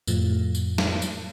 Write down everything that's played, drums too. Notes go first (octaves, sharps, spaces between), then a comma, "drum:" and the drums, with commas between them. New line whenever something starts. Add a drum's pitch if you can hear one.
F2 A2 F3, drum: tambourine
drum: tambourine
drum: snare
drum: tambourine